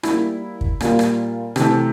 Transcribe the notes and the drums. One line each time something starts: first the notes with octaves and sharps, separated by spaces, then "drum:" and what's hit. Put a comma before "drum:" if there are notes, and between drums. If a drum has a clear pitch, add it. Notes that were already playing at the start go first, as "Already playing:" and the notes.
G3 A#3 E4, drum: rim click
drum: kick
A#2 G3 A#3 F4, drum: rim click
drum: rim click
C3 E3 A3, drum: rim click